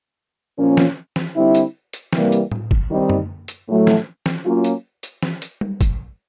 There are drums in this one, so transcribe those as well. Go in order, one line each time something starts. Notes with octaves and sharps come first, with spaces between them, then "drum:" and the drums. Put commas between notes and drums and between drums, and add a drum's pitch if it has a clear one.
A#2 F3 A#3 C#4
drum: snare
drum: snare
D3 G3 C4 E4
drum: hi-hat
drum: hi-hat
C3 E3 G3 A#3, drum: snare
drum: hi-hat
drum: tom A2
drum: kick
D#3 G3 C4 D#4
drum: tom F#2
drum: hi-hat
A2 F#3 A3
drum: snare
drum: snare
F#3 A#3 C#4 F4
drum: hi-hat
drum: hi-hat
drum: snare
drum: hi-hat
drum: tom G3
drum: kick, hi-hat